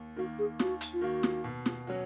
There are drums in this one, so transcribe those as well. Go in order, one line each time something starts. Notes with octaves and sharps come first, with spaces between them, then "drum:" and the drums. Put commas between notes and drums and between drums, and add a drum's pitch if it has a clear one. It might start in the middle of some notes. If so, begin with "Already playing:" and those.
Already playing: D#2
D#3 A#3 F#4
G#4
D#2 F#4, drum: snare
drum: hi-hat
F4
D#3 A#3 F#4
drum: snare
B2
drum: snare
F#3 C#4 F#4